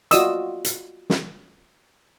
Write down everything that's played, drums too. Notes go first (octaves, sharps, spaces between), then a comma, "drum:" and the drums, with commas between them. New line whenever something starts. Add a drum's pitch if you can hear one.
F4 F#4 D5 D#5 D#6 E6, drum: hi-hat
drum: hi-hat
drum: snare